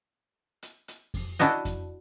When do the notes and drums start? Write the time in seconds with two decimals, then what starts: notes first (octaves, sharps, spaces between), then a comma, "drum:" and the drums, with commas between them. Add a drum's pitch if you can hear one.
0.63 drum: hi-hat
0.88 drum: hi-hat
1.14 drum: kick F2, open hi-hat
1.39 D4 E4 F#4 D#5
1.65 drum: kick F2, hi-hat